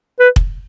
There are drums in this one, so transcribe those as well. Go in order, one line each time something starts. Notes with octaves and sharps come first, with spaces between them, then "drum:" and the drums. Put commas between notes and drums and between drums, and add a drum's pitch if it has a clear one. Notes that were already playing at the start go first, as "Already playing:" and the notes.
B4
drum: kick